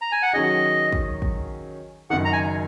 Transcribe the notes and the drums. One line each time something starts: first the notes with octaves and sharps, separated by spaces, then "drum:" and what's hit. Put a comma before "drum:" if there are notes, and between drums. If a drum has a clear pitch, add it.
A#5
G#5
F#5
D#3 F#3 C#4 G#4 D#5
drum: kick
drum: kick
F#1 F#2 D#3 F#5
A#5
G#5